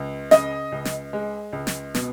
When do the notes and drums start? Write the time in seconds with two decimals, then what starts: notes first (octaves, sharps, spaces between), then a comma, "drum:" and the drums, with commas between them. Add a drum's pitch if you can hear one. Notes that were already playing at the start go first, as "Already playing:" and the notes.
Already playing: C#2
0.31 C#3 D#5, drum: snare
0.72 C#2
0.85 drum: snare
1.13 G#3
1.53 C#2
1.67 drum: snare
1.95 B2, drum: snare